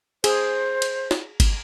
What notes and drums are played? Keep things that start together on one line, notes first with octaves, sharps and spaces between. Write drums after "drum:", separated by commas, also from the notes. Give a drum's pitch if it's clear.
G#4 C5, drum: cymbal
drum: cymbal
drum: snare
drum: kick G1, cymbal